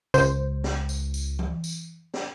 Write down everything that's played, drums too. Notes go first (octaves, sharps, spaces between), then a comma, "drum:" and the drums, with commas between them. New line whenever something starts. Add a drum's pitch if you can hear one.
C#2 C5, drum: tambourine
drum: snare
drum: tambourine
drum: tambourine
drum: tom E3
drum: tambourine
drum: snare